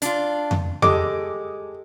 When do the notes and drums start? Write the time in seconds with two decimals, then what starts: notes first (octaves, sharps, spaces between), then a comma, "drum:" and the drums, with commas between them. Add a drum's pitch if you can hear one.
0.02 D4 F4, drum: hi-hat
0.51 drum: tom F2
0.82 G#3 G4 A4 D#5 D6, drum: tom F2